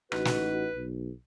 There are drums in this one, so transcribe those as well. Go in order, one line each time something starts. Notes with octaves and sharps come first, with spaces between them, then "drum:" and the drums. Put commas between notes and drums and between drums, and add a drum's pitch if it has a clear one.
A1 D#4 F#4 B4, drum: rim click
drum: snare
B1